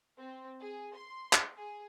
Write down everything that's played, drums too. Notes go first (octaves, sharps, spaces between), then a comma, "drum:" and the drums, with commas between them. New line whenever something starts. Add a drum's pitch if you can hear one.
C4
G#4
C6
drum: clap
G#4